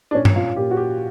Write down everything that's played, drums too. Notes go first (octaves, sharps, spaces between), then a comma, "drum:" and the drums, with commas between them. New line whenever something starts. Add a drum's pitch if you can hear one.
D4
A#2 C#4
drum: tom G2
F4
A#2 G4
F#4
G4